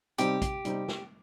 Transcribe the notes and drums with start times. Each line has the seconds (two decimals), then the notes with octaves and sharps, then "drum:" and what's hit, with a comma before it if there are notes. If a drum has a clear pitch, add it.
0.18 C3 G3 C4 D#4 G4, drum: hi-hat
0.42 drum: kick, hi-hat
0.65 C3 G3 C4 D#4, drum: hi-hat
0.88 drum: snare